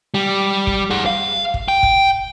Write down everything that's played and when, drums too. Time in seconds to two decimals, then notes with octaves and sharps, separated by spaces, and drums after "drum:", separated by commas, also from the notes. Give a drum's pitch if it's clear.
0.14 G3
0.67 drum: kick
0.90 G#4 F#5
1.06 F5
1.54 drum: kick
1.68 G5
1.83 drum: kick